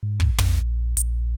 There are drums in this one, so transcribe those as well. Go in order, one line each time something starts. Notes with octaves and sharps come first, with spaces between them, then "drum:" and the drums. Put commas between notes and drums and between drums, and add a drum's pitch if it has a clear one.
G#2
drum: kick
A#1, drum: tom
A#1, drum: hi-hat